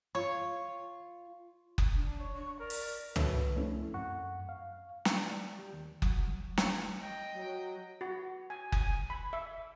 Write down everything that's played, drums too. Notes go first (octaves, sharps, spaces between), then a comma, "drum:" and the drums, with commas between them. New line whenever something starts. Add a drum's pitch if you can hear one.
F4 C#5
drum: kick F#1
D4
C#5
C#6
A#4 D5
drum: open hi-hat
D4 F#4 A4 B4 C#5 E5, drum: tom
F3 A3 C4 C#4 E4
F#2 F#5 C#6
F5
drum: snare
D5
G4
D#2
F#3, drum: kick F#1
F#3
C#5, drum: snare
D#5 G5
F#3
F#4
G#5
G#5, drum: kick F#1
B5
E5